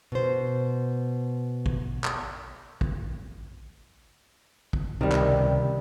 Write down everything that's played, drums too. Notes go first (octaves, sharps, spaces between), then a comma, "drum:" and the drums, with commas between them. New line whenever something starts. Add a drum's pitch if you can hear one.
B2 C5
drum: kick
drum: clap
drum: kick
drum: kick
C#2 C3 D#3 G3
drum: clap